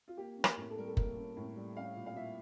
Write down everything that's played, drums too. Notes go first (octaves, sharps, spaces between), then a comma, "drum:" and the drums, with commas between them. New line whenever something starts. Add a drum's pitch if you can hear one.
F4
A#3 G4
C#4
A#4, drum: rim click
A2
A4
G3 A#4
A4
A#3 A#4, drum: kick F#1
C#4
A2
G3
C#4 F5
A#2
F5
A#2 E5